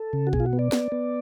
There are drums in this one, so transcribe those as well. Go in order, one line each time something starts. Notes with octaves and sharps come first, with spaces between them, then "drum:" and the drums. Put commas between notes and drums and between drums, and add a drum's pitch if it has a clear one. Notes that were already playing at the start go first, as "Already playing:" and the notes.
Already playing: A4
C#3
F#4
B2 G#4, drum: kick
F4
F#4
B3
D5
B3, drum: snare
B3